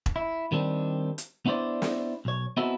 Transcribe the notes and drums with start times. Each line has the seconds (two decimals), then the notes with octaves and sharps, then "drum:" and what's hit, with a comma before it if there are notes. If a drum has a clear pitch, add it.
0.06 drum: kick E1
0.16 E4
0.52 D#3 G3 C4 D4
1.18 drum: hi-hat
1.46 B3 D4 E4 C5 D5
1.82 drum: snare
2.25 B1 C#5
2.57 B3 C4 D#4 E4 F#4 A4